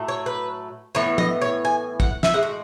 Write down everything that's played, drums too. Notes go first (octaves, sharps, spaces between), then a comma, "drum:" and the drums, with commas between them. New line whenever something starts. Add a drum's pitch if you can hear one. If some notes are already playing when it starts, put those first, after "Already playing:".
Already playing: A2 F#3 A3
C#5
B4
A2 E3 B3 C#5
D#5, drum: tom
C#5
G#5
F#5, drum: kick
E5, drum: snare
A2 G#3 F#5
F#4